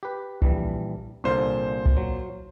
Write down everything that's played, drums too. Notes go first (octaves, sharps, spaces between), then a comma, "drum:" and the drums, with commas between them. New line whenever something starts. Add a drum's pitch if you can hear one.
G4 B4
A#1 E3 G3, drum: kick
C2 A#2 D3 C5 F5
drum: kick
F#3